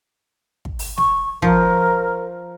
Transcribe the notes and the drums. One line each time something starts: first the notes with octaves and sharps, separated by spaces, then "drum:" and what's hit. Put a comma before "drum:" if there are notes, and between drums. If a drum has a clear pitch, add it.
drum: kick
drum: open hi-hat
C#6, drum: snare
F3 A#4, drum: kick